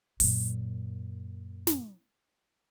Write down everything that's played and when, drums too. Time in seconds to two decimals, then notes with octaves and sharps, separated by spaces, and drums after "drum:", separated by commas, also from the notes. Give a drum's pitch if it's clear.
0.20 F#2 A#2, drum: open hi-hat
1.67 drum: snare